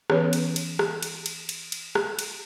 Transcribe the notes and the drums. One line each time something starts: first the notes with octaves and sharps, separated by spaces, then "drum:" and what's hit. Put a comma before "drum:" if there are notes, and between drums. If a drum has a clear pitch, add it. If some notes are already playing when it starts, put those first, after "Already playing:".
E3 B3 C#4 B4 C#5, drum: rim click
drum: cymbal
drum: cymbal
drum: rim click
drum: cymbal
drum: cymbal
drum: cymbal
drum: cymbal
drum: rim click
drum: cymbal